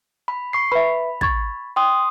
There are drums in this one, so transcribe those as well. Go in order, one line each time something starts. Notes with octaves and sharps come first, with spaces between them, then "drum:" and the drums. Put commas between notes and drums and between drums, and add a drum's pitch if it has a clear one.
B5
C#6 C7
B4 E5 B5
C#6 G#6 A6, drum: kick
G5 C6 D#6